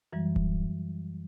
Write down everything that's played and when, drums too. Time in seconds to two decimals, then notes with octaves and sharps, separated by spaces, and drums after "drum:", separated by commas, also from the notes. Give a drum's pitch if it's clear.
0.13 F#2 E3 F#3 G3
0.36 drum: kick D1